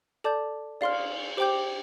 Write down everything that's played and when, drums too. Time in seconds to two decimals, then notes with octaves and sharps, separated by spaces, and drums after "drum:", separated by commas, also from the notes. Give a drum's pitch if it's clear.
0.24 A4 D5 A5 D6 G6
0.81 D5 F5 C6 F6, drum: cymbal
1.37 G4 C5 G5 D6 G6